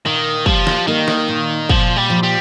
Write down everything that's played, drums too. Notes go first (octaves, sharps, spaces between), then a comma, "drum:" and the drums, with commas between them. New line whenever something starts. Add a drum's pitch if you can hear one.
A#2 D#3
F3 G3, drum: kick
drum: snare
D#3 A#3
drum: snare
A#2
A#2 F3, drum: kick
G3
F3
G3